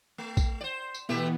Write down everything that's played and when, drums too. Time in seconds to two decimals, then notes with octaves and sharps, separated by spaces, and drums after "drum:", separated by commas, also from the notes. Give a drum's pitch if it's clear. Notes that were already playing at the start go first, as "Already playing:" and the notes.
0.18 A3
0.37 drum: kick, tambourine
0.61 C5 D5
0.94 drum: tambourine
1.09 B2 E3 A3 B3 G4 E5